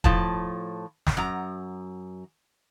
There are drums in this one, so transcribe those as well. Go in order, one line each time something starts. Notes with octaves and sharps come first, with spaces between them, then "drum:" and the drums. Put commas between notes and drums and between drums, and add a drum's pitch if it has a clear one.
A2 F3 A5, drum: kick
drum: snare
F#2 A#5